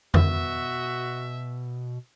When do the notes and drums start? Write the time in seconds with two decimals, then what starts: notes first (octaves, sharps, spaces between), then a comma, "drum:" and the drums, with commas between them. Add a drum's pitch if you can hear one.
0.14 B2 F#4 E5, drum: tom F2